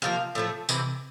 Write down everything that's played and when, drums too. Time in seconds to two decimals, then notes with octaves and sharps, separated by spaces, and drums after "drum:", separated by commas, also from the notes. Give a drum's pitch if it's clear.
0.02 C3 F3 A#3 F5
0.35 A2 F3 A3
0.69 C3 E3, drum: tambourine